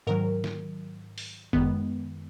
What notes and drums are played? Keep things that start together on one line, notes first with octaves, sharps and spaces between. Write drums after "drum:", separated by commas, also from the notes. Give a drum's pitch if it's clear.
G#2 D#3 F#3 A#4
drum: snare
drum: open hi-hat
F#2 D#3 G#3 B3, drum: kick F#1